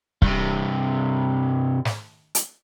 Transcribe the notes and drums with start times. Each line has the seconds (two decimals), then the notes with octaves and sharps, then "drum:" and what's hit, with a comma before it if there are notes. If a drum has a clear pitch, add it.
0.22 G2 C3, drum: kick
1.85 drum: snare
2.35 drum: hi-hat